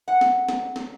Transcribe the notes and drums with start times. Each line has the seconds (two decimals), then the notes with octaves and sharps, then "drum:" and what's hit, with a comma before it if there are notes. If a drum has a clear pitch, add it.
0.08 F#5
0.21 drum: snare
0.49 drum: snare
0.76 drum: snare